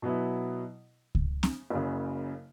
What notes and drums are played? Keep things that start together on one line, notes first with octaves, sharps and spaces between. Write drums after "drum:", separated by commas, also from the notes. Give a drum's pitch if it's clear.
B2 F#3 B3 E4
drum: kick C#2
drum: snare
F#1 F#2 C#3